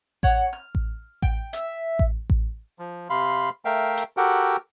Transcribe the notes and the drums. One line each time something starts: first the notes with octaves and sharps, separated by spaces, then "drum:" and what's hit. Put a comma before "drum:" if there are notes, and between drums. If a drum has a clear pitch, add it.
C#5 F#5, drum: kick A1
F6
drum: kick A1
G5, drum: kick A1
E5, drum: hi-hat
drum: kick A1
drum: kick A1
F3
C3 F5 B5 C6
A3 A#4 E5 F5 G5
drum: hi-hat
F#4 G4 A4 A#4 F#5 G5